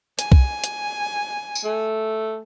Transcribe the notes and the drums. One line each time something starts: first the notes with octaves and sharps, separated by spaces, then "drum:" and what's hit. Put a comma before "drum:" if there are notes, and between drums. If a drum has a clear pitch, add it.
G#5, drum: hi-hat
drum: kick C2
drum: hi-hat
drum: tambourine
A3